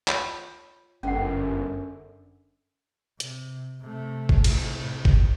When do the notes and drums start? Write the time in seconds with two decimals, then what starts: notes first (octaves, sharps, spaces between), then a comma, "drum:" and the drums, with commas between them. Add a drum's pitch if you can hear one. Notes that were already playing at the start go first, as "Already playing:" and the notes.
0.08 F4 C#5, drum: clap
1.03 G1 F#2 D3 C#4 F#5
3.20 C3, drum: hi-hat
3.81 C3 A3
4.29 drum: kick
4.44 A2 C3, drum: cymbal
5.05 drum: kick